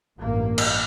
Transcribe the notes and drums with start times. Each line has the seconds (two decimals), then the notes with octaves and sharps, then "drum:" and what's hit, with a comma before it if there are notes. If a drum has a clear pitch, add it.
0.19 A1 G2 A#3
0.58 drum: cymbal